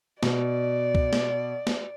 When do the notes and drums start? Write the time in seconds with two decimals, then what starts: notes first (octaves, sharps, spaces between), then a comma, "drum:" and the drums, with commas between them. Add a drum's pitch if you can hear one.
0.23 B2 D5, drum: snare
0.95 drum: kick C2
1.13 drum: snare
1.67 drum: snare